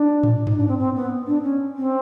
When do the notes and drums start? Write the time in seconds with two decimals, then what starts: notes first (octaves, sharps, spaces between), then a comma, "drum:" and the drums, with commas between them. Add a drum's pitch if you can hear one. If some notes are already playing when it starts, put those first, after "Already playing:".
Already playing: D4
0.23 drum: tom A2
0.47 D#4, drum: tom G2
0.57 D4
0.68 C4
0.79 C4
0.96 B3
1.27 D4
1.43 C#4
1.76 C4